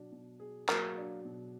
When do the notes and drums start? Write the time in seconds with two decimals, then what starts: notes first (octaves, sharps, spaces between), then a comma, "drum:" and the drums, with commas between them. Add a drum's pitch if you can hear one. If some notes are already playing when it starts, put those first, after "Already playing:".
Already playing: B2 F#3 D4
0.12 B2
0.40 G#4
0.69 F#3 A#3, drum: clap
0.97 D4
1.25 B2